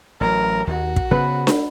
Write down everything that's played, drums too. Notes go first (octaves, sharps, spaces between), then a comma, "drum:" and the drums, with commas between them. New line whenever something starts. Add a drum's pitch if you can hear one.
A1 F#3 A#4
D#2 F#4
drum: kick
C#3 B3 B4
drum: snare D4